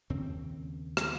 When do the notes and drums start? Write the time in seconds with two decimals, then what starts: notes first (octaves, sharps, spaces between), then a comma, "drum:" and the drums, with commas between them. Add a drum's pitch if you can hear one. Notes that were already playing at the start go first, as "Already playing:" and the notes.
0.10 D#2 C#3 C4
0.97 drum: rim click